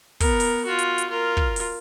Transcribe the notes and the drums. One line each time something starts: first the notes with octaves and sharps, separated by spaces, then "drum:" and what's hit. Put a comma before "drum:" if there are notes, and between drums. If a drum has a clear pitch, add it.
B3 A#4, drum: kick, open hi-hat
drum: open hi-hat
F4 F#4
drum: hi-hat
drum: hi-hat
F4 A#4
drum: kick
drum: open hi-hat